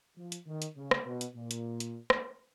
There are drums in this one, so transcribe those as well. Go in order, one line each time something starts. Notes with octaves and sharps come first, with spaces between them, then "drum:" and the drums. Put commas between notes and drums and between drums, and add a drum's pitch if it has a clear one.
F3
drum: hi-hat
D#3
drum: hi-hat
C#3
drum: rim click
B2
drum: hi-hat
A#2
drum: hi-hat
drum: hi-hat
drum: rim click